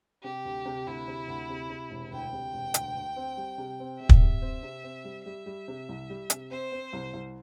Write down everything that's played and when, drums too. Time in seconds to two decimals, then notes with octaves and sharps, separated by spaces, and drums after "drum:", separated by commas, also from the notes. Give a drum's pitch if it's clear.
0.23 C3 G4
0.45 D2
0.65 C3
0.87 D2 E4
1.08 C3
1.28 D2
1.49 C3
1.70 C3
1.91 E1
2.12 D2 G5
2.33 C3
2.54 E1
2.74 D2, drum: hi-hat
2.95 D2
3.16 C4
3.37 G3
3.58 C3
3.80 C4
4.00 C3 E5
4.09 drum: kick
4.21 C3
4.42 C4
4.63 C3
4.84 C4
5.05 G3
5.26 G3 E5
5.46 G3
5.68 C3
5.89 C2
6.10 G3
6.30 C3, drum: hi-hat
6.50 C4 C5
6.72 C4
6.93 C2
7.13 C2